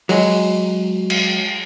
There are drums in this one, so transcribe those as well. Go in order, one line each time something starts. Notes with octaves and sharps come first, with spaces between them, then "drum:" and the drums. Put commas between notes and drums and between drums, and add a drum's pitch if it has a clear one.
F#3 G#3, drum: open hi-hat
drum: cymbal